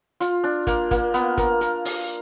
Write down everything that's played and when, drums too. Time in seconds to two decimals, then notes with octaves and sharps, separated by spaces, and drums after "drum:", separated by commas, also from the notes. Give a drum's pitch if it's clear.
0.20 F4, drum: hi-hat
0.44 D4
0.67 A#3, drum: kick, hi-hat
0.91 A#3, drum: kick, hi-hat
1.14 B3, drum: hi-hat
1.37 A#4, drum: kick, hi-hat
1.61 A#4, drum: hi-hat
1.85 F5, drum: open hi-hat